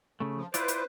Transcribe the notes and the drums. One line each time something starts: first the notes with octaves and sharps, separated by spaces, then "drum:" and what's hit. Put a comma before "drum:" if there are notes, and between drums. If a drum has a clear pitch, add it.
C#3 A3
F3
E4 F4 B4 C5 D5, drum: hi-hat
drum: hi-hat